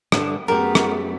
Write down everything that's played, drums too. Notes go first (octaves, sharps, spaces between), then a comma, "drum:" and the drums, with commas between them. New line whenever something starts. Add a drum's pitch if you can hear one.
G2 D3 D4, drum: rim click
F#2 A3 B3 G4 G#4 A#4 F#5
drum: rim click